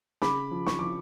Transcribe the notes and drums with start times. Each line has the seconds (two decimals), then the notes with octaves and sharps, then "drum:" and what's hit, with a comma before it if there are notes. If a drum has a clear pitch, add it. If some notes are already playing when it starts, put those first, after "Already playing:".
0.22 C#3 B5 D6, drum: snare
0.51 F3
0.67 C#6, drum: snare
0.79 F3 D6